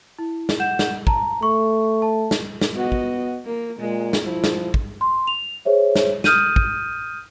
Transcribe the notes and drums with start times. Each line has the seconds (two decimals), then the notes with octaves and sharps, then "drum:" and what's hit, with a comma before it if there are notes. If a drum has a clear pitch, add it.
0.19 E4
0.49 drum: snare
0.60 F#5 G6 E7
0.79 drum: snare
1.07 A5 A#5, drum: kick
1.43 A3 C#6
2.02 A5
2.31 drum: snare
2.61 drum: snare
2.76 B3 F#4 D#5
2.92 drum: kick
3.46 A#3 A#4
3.80 A#2 G#3
4.13 drum: snare
4.25 F3 E4
4.44 drum: snare
4.74 drum: kick
5.01 C6
5.27 F7
5.65 G#4 C5 C#5 E5
5.95 drum: snare
6.24 D#6 F6 G6 D#7, drum: snare
6.56 drum: kick